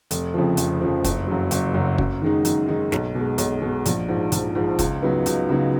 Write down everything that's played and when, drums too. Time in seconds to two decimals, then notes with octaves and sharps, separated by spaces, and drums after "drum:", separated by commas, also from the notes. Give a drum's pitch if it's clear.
0.11 F1, drum: hi-hat
0.34 F2 C#3 F3
0.57 F1, drum: hi-hat
0.81 F2 C#3 F3
1.04 F#1, drum: kick, hi-hat
1.27 F#2 C#3 F#3
1.51 F#1, drum: hi-hat
1.74 F#2 C#3 F#3
1.98 F#2, drum: kick
2.22 D#3 G#3 D#4
2.45 F#2, drum: hi-hat
2.68 D#3 G#3 D#4
2.92 B1, drum: snare
3.15 B2 G#3
3.38 B1, drum: hi-hat
3.62 B2 G#3
3.85 A#1, drum: hi-hat
4.09 G#2 F3
4.32 A#1, drum: hi-hat
4.55 G#2 F3
4.79 C#2, drum: kick, hi-hat
5.02 C#3 F#3 B3 D#4
5.26 C#2, drum: hi-hat
5.49 C#3 F#3 B3 D#4